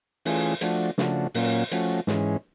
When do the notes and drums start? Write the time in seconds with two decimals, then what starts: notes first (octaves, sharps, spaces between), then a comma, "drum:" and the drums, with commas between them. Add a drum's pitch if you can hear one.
0.25 E3 A3 C#4 F4 G#4, drum: open hi-hat
0.61 F3 A3 D4 F#4, drum: hi-hat
0.98 C#3 F3 A3 D4 F#4, drum: snare
1.34 A#2 F#3 A#3 C#4 F4, drum: open hi-hat
1.71 F3 A3 C#4 F#4, drum: hi-hat
2.07 G#2 E3 G#3 C#4, drum: snare